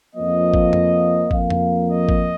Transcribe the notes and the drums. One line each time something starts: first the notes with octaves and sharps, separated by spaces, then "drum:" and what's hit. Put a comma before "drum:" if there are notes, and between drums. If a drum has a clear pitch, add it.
F2 F3 A#3 D#5
drum: kick G#1
drum: tom F2
F2 F3 A#3 F5, drum: kick G#1
drum: tom F2
D#5
drum: kick G#1